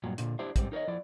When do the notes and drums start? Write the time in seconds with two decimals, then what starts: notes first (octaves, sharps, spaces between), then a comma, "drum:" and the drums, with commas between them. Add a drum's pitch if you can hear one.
0.04 G2 A#2 F#3
0.18 A#2 D3, drum: hi-hat
0.39 D4 E4 G4 C5 E5
0.56 G#2 G3 C4, drum: kick, hi-hat
0.72 D#4 A#4 C5 C#5 D#5
0.88 F3 E4 D5